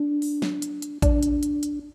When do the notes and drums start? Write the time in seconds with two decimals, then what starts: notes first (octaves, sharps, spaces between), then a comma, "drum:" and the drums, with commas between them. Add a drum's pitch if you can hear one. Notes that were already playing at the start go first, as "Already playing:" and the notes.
Already playing: D4
0.22 drum: open hi-hat
0.42 drum: snare
0.62 drum: hi-hat
0.82 drum: hi-hat
1.02 D4, drum: kick A1, hi-hat
1.23 drum: hi-hat
1.43 drum: hi-hat
1.63 drum: hi-hat